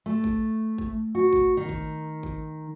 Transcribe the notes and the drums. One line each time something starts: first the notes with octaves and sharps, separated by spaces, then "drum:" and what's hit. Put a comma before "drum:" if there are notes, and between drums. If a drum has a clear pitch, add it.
A3
drum: kick A1
drum: kick A1
F#4
drum: kick A1
D#3
drum: kick A1
drum: kick A1